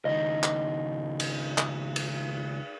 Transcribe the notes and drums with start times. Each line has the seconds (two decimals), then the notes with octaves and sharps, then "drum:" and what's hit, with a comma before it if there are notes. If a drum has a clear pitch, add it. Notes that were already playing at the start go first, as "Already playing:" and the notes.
0.05 C#2 D#3 D#5
0.43 drum: clap
1.20 drum: cymbal
1.58 drum: clap
1.96 drum: cymbal